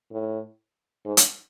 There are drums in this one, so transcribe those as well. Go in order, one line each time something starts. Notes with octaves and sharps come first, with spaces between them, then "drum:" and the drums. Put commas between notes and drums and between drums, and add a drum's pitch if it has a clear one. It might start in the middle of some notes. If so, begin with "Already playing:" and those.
A2
G#2
drum: hi-hat